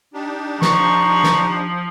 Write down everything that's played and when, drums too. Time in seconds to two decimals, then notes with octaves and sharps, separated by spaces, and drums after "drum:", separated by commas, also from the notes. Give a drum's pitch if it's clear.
0.14 D4 D#4 G4
0.62 F3 A#5 C#6, drum: snare
1.24 drum: snare